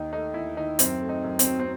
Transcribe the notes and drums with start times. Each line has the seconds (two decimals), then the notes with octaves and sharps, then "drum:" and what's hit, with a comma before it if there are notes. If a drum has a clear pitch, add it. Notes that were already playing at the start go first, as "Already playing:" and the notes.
Already playing: D#2 D#4
0.13 A3 D#4
0.34 D#2 E4
0.57 D#3 D#4
0.79 F#2 C4, drum: hi-hat
1.01 A3
1.09 D#4
1.24 F#2
1.39 C4, drum: hi-hat
1.46 F#3
1.60 C4